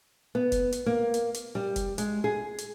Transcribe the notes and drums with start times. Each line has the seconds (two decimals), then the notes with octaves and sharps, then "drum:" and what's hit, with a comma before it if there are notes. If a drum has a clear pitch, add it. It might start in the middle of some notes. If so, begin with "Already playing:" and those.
0.35 B3
0.52 drum: kick F1, hi-hat
0.72 drum: hi-hat
0.86 A#3
1.14 drum: hi-hat
1.34 drum: hi-hat
1.55 G3
1.76 drum: kick F1, hi-hat
1.98 G#3, drum: hi-hat
2.24 G#4
2.58 drum: hi-hat